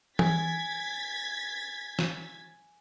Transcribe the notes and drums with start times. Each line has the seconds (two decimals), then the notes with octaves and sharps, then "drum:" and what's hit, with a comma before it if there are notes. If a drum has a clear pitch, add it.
0.19 G#5 G#6 A6 B6, drum: tom E3
1.99 drum: snare